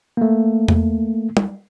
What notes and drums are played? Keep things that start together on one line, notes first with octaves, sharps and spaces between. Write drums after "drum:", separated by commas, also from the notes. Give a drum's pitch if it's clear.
A3 A#3
drum: tom E2
drum: tom G3